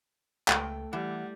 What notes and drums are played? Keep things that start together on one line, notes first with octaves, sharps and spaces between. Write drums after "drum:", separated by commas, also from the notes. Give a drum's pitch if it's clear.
C#2 A3 G5, drum: clap
E3 G3 F#5